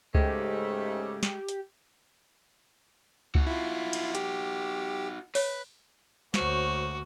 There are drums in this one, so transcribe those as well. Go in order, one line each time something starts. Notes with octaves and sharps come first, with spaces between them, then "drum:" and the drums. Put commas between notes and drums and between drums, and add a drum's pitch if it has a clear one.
G#2 C#3 G#3 A3 G4, drum: kick C#2
drum: snare
drum: hi-hat
D#4 F#4, drum: kick C#2
E4 F4
drum: cymbal
G4, drum: hi-hat
B4 C#5, drum: open hi-hat
D2 A#3 F#4 C5 C#5, drum: snare